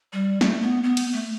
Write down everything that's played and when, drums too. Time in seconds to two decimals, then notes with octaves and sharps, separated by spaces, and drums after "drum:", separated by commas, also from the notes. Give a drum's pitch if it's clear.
0.13 G3
0.41 A3, drum: snare
0.62 B3
0.83 B3
0.97 drum: cymbal
1.13 A3